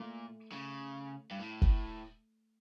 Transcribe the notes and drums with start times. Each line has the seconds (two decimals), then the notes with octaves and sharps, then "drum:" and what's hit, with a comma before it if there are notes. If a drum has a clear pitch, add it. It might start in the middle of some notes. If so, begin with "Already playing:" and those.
Already playing: A#2 A3
0.52 C#3
1.31 G2
1.40 A2
1.62 drum: kick